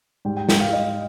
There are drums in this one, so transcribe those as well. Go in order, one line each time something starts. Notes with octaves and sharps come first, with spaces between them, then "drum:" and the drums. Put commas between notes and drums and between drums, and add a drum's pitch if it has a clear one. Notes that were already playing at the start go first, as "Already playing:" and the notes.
G#2 G3 G5
G5
G5, drum: snare
F5
D#5